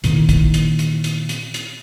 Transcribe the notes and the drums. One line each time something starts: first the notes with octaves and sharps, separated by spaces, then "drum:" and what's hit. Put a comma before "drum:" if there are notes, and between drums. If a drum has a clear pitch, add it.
A#2 D#3 E3, drum: hi-hat
drum: kick, hi-hat
drum: hi-hat
drum: hi-hat
drum: hi-hat
drum: hi-hat
drum: hi-hat